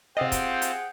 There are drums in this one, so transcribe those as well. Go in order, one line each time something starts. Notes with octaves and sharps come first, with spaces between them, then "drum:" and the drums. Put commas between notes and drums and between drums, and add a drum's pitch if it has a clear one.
C3 C4 F4 G4 G#4 D#5 F#5 G5
drum: kick D#1, hi-hat
drum: hi-hat